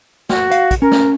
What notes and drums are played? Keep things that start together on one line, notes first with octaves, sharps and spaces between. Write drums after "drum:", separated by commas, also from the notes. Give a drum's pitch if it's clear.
F#4, drum: snare
F5, drum: hi-hat
drum: kick, hi-hat
C#4 A#4
drum: snare